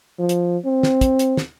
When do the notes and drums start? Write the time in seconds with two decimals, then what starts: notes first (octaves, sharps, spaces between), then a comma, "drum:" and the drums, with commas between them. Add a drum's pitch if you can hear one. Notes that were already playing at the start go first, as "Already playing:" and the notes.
0.19 F3
0.29 drum: hi-hat
0.65 C4
0.83 drum: snare
1.01 drum: kick, hi-hat
1.19 drum: hi-hat
1.37 drum: snare